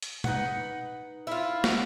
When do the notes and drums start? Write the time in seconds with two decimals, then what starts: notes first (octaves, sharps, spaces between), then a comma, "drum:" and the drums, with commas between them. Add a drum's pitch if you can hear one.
0.03 drum: hi-hat
0.24 D#4 B4 F#5, drum: tom B2
1.27 E4 F4
1.64 drum: snare